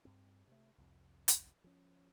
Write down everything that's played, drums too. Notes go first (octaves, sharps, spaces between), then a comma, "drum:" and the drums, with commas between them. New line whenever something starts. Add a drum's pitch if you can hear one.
G2 C4
C3 A3
C2 F2
drum: hi-hat
F3 C#4